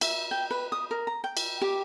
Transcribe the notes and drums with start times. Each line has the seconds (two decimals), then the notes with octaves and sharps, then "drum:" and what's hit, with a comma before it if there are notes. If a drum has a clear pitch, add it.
0.01 E5, drum: cymbal
0.31 G5
0.51 B4
0.72 D#6
0.91 A#4
1.07 A#5
1.24 G5
1.37 drum: cymbal
1.62 G4